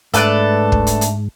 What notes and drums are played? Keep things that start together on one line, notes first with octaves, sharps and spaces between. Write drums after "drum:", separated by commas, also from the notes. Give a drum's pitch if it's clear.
G#2 A3 D4 A4 B4 D5, drum: hi-hat
drum: kick
drum: hi-hat
drum: hi-hat